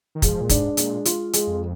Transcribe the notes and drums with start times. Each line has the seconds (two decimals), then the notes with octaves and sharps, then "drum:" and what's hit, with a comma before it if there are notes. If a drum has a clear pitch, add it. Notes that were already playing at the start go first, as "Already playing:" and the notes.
0.15 D#3
0.22 F3 G#3, drum: kick, hi-hat
0.41 A#2
0.49 G#2 D4, drum: kick, hi-hat
0.77 A#2 G#3, drum: hi-hat
1.05 F4, drum: hi-hat
1.33 G#3, drum: hi-hat
1.47 F2